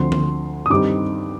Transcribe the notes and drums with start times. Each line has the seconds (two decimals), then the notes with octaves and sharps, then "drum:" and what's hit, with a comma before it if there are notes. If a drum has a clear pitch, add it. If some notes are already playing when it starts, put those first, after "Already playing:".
Already playing: D2 D3 F3 C4 C6
0.12 drum: tom D3
0.66 D#6
0.70 G2 D#3 G3 C4 D#4 D6